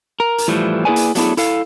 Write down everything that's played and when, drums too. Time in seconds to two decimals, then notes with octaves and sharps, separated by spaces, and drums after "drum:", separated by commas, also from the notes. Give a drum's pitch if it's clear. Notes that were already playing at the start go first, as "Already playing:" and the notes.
0.20 A#4
0.38 drum: hi-hat
0.48 A2 E3 F3 G3 A3
0.85 A#3 E4 G#4 B4 D5 G#5
0.96 drum: hi-hat
1.15 F#3 A3 B3 D4 E4 G#4, drum: hi-hat
1.37 E4 A4 F5, drum: hi-hat